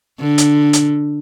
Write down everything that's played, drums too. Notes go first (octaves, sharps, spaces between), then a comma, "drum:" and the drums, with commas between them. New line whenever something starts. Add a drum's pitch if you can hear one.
D3
drum: hi-hat
drum: hi-hat